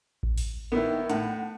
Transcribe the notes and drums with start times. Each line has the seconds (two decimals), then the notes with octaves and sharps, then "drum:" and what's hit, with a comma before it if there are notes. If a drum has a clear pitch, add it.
0.23 drum: kick A1
0.38 drum: open hi-hat
0.72 D#3 A#3 B3 E4
1.10 A2 F#5, drum: hi-hat